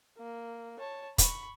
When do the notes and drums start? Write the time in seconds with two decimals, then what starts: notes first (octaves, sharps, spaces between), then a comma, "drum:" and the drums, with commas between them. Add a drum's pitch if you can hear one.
0.18 A#3
0.79 C#5 A5
1.18 B5 C#6, drum: kick, hi-hat